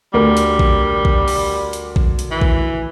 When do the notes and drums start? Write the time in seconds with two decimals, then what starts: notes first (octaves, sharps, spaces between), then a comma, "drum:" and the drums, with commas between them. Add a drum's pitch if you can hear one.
0.14 D2 G3 A#4
0.37 drum: hi-hat
0.59 drum: kick A#1
1.05 drum: kick A#1
1.28 drum: open hi-hat
1.73 drum: hi-hat
1.96 drum: kick A#1
2.19 drum: hi-hat
2.31 E3
2.41 drum: kick A#1